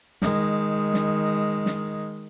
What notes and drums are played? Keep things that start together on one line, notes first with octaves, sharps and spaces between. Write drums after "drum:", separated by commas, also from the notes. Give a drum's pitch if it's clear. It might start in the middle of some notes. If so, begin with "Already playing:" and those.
D#3 G#3, drum: snare
drum: snare
drum: snare